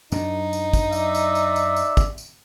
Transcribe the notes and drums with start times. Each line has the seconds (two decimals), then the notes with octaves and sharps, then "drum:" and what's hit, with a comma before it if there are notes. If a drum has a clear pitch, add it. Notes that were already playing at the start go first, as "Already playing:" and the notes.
0.12 F#2 F#3 D4 D#4, drum: tambourine
0.53 drum: tambourine
0.73 drum: kick, tambourine
0.93 D5 E5, drum: tambourine
1.15 drum: tambourine
1.35 drum: tambourine
1.56 drum: tambourine
1.76 drum: tambourine
1.97 drum: kick, tambourine
2.18 drum: tambourine